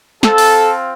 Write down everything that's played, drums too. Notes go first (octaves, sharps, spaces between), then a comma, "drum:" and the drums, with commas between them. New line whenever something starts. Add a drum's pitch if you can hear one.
C4 F4 A4, drum: snare
drum: open hi-hat